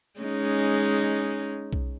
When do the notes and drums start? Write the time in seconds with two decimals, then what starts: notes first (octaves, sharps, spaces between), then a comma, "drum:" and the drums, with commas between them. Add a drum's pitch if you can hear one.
0.20 G#3 C#4 D#4
1.73 drum: kick B1